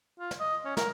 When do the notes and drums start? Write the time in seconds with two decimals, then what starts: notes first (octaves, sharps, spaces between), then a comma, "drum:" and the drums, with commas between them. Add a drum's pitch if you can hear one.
0.19 F4
0.31 drum: snare
0.40 D#5
0.65 C#4
0.77 A#4, drum: snare